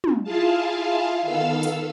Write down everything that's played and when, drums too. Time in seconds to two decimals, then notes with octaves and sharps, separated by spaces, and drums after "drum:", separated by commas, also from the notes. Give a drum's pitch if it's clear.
0.04 drum: tom
0.24 E4 F4 G#4 F5 A5
1.22 D#3 B3 A4 F5 E6
1.63 drum: hi-hat